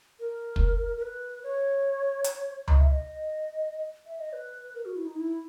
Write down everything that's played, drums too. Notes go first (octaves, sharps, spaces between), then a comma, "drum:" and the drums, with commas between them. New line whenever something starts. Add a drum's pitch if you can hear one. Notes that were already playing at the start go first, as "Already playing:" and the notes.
A#4
drum: kick
A#4
B4
C#5
drum: hi-hat
D#5, drum: tom C#2
E5
D#5
E5
D#5
B4
A#4
F#4
E4
D#4
E4